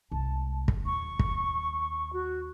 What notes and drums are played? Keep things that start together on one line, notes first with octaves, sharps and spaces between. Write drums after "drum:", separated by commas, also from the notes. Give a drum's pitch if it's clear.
C2 G#3 A5
drum: kick
D#2 C#6
drum: kick
F#4